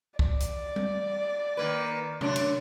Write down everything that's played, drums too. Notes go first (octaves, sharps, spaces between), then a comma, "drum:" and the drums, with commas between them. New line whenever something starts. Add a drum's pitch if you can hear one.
D5, drum: kick
drum: hi-hat
drum: tom G3
D#3 A#3 B4
F#2 D3 D4, drum: tom C3
drum: cymbal